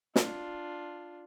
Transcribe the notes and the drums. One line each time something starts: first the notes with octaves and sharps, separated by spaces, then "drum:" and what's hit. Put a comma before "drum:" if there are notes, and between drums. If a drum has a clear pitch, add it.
D4 F4, drum: snare